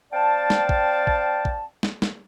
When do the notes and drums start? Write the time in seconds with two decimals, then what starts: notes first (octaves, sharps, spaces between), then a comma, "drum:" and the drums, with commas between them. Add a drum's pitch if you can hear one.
0.12 C4 D5 F5 G5 A5
0.50 drum: snare
0.69 drum: kick
1.07 drum: kick
1.45 drum: kick
1.83 drum: snare
2.02 drum: snare